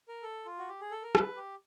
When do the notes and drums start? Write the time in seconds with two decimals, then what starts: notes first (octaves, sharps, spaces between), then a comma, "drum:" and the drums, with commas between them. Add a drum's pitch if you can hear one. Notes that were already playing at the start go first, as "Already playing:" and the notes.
0.08 A#4
0.23 A4
0.45 F4
0.58 F#4
0.69 G4
0.80 G#4
0.91 A4
1.03 A#4
1.15 B4, drum: rim click
1.36 G4